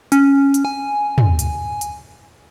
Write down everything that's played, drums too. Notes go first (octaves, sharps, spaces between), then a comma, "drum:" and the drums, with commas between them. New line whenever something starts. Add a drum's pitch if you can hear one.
C#4, drum: hi-hat
drum: hi-hat
G#5
drum: tom
drum: hi-hat
drum: hi-hat